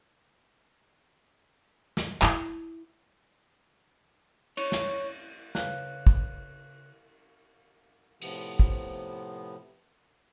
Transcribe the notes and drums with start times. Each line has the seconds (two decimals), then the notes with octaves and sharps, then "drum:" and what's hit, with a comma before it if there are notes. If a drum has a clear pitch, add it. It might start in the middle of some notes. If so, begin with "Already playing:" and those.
1.97 drum: snare
2.22 E4, drum: clap
4.57 C#5, drum: cymbal
4.72 drum: snare
5.55 C#3 B4 F5 F#6, drum: snare
6.07 drum: kick
8.22 A2 C3 F3 B3, drum: open hi-hat
8.59 drum: kick